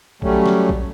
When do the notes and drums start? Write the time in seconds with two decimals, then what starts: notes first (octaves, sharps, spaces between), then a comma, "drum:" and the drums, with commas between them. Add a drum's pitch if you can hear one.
0.22 F#3 G3 A3 C#4, drum: kick A#1
0.46 drum: snare
0.69 drum: kick A#1